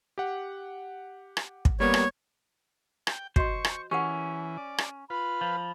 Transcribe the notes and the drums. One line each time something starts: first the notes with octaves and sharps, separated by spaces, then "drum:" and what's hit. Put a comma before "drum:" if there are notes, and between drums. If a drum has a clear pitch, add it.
G4 F#5
drum: rim click
drum: kick
G3 A#3 B3 C#5
drum: rim click
G5, drum: rim click
F#4 C5 D#5 C6 C#6, drum: kick
drum: rim click
E3 C#4 G4 A#4 F#5
D5
drum: rim click
F4 B4 B5
F3